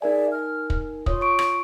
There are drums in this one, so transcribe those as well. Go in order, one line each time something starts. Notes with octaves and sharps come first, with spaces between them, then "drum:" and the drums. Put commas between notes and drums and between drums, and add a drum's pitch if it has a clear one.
D#4 G#4 A#4 D5 E5 G#5
F6
drum: kick
F4 C#5 D#6, drum: kick
C#6 D7
drum: rim click